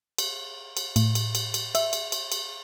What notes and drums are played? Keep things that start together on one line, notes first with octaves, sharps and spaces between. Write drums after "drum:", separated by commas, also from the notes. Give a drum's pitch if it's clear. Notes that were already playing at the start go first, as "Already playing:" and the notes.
drum: cymbal
drum: cymbal
A2, drum: cymbal
drum: cymbal
drum: cymbal
drum: cymbal
E5, drum: cymbal
drum: cymbal
drum: cymbal
drum: cymbal